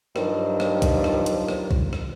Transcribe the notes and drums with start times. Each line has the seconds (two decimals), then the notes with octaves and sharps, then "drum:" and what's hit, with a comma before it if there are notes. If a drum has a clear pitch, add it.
0.16 G2 D#3 F3 F#3, drum: rim click
0.60 drum: rim click
0.82 drum: kick B1, hi-hat
1.04 drum: rim click
1.26 drum: hi-hat
1.48 drum: rim click
1.71 drum: kick B1
1.93 drum: rim click